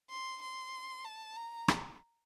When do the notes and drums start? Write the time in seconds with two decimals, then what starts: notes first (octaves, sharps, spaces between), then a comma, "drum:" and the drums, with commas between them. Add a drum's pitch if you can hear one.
0.10 C6
0.42 C6
1.05 A5
1.37 A#5
1.68 drum: rim click